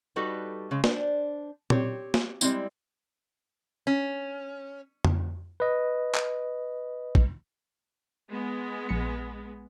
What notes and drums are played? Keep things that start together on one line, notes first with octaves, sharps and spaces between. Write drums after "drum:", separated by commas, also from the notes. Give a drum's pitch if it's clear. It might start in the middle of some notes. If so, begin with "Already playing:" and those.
G3 D#4 F#4 G4 A4 B4
C#3 G#3
D4 C5, drum: snare
C4 G4 C#5, drum: tom
drum: snare
G3 G#3 C4 E4, drum: tambourine
C#4
drum: tom F2
B4 D#5
drum: clap
drum: kick
G#3 B3
A#1 C#7